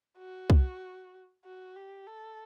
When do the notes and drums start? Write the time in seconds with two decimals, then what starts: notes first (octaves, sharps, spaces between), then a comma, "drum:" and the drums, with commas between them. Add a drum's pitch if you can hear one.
0.18 F#4
0.50 drum: kick C2
1.45 F#4
1.76 G4
2.07 A4